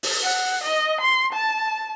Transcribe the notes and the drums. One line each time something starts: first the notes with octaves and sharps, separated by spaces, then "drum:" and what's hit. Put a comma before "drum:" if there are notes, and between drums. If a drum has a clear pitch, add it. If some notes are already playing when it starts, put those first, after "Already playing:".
drum: open hi-hat
F#5
D#5
C6
A5